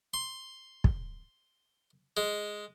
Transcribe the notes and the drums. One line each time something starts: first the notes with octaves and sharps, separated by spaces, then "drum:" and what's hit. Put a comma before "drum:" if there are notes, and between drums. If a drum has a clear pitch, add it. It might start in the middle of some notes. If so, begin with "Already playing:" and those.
C6
drum: kick
G#3